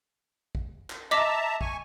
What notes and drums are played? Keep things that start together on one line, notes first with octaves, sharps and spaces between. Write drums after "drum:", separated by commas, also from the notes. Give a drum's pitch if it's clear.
drum: kick A1
drum: clap
D#5 E5 A5 A#5 D6 B6
G#5 C#6, drum: kick A1